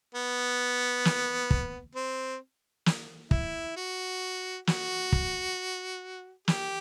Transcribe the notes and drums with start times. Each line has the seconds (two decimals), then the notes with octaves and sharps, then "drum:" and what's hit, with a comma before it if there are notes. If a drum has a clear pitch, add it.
0.15 B3
1.05 drum: snare
1.51 drum: kick
1.95 C4
2.86 drum: snare
3.31 E4, drum: kick
3.76 F#4
4.67 F#4, drum: snare
5.12 drum: kick
6.48 G4, drum: snare